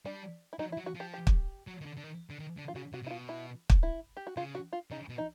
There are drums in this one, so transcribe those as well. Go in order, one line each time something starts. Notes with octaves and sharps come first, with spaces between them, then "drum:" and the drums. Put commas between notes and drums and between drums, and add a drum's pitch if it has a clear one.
G3 D4
E4
F#3 D#4
E4
F#3
F#4
F3
G4
G4
drum: kick
F#3
D#3
D3
D3
D#3
D3
D#3
D3
F4
C#3 F#4
C3 F#4
C3
E4
B2 F4
E4
drum: kick
E4
G4
F#4
C#3 F4
F#4
F4
C#3 D#4
B2
D#4